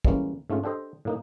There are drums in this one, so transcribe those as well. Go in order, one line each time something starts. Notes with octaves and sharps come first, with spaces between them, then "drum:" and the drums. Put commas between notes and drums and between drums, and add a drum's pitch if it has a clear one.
E3 G3 G#3 A#3 C#4, drum: kick
G#2 A3 C#4 F4
D4 G4 A4 C5 D#5
A2 A#3 D#4